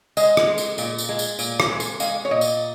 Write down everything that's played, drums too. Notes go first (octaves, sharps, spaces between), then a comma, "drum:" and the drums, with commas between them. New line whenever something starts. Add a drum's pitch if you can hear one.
G#3 D#5, drum: tambourine
drum: rim click
G#3
drum: tambourine
A#2, drum: tambourine
drum: tambourine
G#3
drum: tambourine
A#2, drum: tambourine
drum: rim click
G#3
drum: tambourine
G#3 F5, drum: tambourine
C#5
A#2 D#5
drum: tambourine